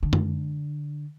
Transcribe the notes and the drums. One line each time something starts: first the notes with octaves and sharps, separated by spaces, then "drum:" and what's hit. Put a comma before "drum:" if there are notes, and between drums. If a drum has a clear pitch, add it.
D3
drum: tom